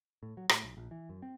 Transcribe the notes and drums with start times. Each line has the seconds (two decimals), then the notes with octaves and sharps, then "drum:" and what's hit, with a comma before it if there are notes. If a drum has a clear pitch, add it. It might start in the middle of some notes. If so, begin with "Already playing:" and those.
0.23 A2
0.37 F#3
0.49 A2, drum: rim click
0.63 B1
0.77 A#1
0.91 E3
1.09 F#2
1.22 C4